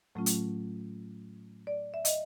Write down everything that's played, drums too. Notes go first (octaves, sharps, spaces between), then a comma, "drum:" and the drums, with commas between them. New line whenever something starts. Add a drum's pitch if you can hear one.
A2 F#3 A3 C#4 F4
drum: hi-hat
D5
E5
D#5, drum: hi-hat